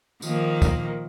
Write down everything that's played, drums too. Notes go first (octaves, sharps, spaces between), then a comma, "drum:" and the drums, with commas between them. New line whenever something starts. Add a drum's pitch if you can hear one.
D#3 F3 A#3, drum: tambourine
drum: kick, tambourine